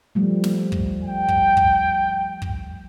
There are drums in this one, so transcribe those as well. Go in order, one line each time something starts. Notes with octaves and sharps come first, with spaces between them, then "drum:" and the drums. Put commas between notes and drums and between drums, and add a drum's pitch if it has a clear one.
F3 G3 A3
drum: snare
drum: kick
G5
drum: kick
drum: kick
drum: kick